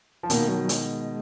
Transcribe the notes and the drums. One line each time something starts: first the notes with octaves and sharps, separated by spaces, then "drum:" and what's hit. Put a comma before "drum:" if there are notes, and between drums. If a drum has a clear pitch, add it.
F3
B2 D#3 A#3, drum: hi-hat
F#3
F#3
G#3, drum: hi-hat